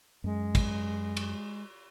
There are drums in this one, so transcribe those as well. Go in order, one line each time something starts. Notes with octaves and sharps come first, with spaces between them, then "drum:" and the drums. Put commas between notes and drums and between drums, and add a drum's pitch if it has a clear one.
F#2 G#3
drum: kick, cymbal
drum: cymbal